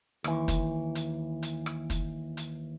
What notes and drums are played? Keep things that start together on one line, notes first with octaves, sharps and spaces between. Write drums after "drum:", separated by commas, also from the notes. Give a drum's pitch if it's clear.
D#2 E3, drum: rim click
drum: kick, hi-hat
drum: hi-hat
drum: hi-hat
drum: rim click
drum: kick, hi-hat
drum: hi-hat